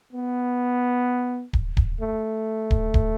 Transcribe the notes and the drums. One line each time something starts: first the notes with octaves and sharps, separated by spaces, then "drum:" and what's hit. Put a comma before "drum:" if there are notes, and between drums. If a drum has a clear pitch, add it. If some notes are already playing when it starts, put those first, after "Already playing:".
B3
drum: kick D1
drum: kick D1
A3
drum: kick D1
drum: kick D1